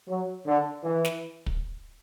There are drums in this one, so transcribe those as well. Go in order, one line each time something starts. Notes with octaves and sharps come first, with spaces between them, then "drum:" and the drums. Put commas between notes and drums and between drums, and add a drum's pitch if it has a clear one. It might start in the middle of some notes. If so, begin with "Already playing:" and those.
F#3
D3
E3
drum: snare
drum: kick